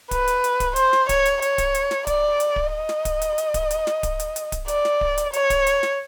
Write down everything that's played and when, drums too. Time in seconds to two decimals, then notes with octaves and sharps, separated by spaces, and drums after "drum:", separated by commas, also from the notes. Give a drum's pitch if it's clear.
0.11 B4, drum: kick D1, hi-hat
0.28 drum: hi-hat
0.44 drum: hi-hat
0.60 drum: kick D1, hi-hat
0.76 C5, drum: hi-hat
0.93 drum: snare
1.09 C#5, drum: kick D1, hi-hat
1.26 drum: hi-hat
1.42 C#5, drum: hi-hat
1.58 drum: kick D1, hi-hat
1.75 drum: hi-hat
1.91 drum: snare
2.07 D5, drum: kick D1, hi-hat
2.40 drum: hi-hat
2.56 drum: kick D1
2.72 D#5
2.89 drum: snare
3.05 drum: kick D1, hi-hat
3.22 drum: hi-hat
3.38 drum: hi-hat
3.54 drum: kick D1, hi-hat
3.71 drum: hi-hat
3.87 drum: snare
4.03 drum: kick D1, hi-hat
4.20 drum: hi-hat
4.36 drum: hi-hat
4.52 drum: kick D1, hi-hat
4.68 D5, drum: hi-hat
4.85 drum: snare
5.01 drum: kick D1
5.18 drum: hi-hat
5.33 C#5, drum: hi-hat
5.50 drum: kick D1, hi-hat
5.67 drum: hi-hat
5.83 drum: snare